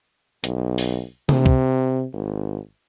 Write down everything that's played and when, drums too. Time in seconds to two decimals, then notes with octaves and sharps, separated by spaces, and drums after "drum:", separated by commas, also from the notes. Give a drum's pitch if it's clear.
0.44 B1, drum: hi-hat
0.78 drum: open hi-hat
1.29 C3, drum: tom C3
1.46 drum: kick
2.13 G#1